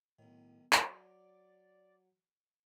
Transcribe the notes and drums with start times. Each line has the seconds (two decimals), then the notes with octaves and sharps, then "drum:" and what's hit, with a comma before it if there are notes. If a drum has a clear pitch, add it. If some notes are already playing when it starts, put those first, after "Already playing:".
0.19 B1 A2 D#3
0.73 F#3 D5, drum: clap